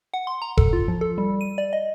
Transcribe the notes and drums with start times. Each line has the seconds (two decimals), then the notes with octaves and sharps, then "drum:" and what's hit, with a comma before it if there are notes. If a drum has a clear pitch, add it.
0.14 F#5
0.27 C6
0.42 A#5
0.57 A4, drum: kick F1
0.73 F4
0.88 F3
1.01 A4
1.18 G3
1.41 D#7
1.58 D5
1.73 D#5